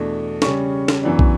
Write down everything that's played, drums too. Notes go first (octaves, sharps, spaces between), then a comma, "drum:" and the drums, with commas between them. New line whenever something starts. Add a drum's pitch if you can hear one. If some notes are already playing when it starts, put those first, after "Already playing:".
Already playing: E2 B2 A3 D4
C#3 G3 C#4 C#6, drum: snare
drum: snare
F#2 E3 B3 D4
drum: kick